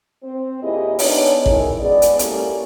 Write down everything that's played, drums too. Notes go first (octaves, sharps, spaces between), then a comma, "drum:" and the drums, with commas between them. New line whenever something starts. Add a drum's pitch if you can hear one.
C4 C5
D#2 A#2 E4 G4 G#4 D#5
B3 D4 D#4 G#4 C#5, drum: open hi-hat
F#2 A2 D#3 E4 G#4, drum: kick
G#3 B3 G#4 D5
drum: hi-hat
A#3 C#4 E4 G4 A4, drum: hi-hat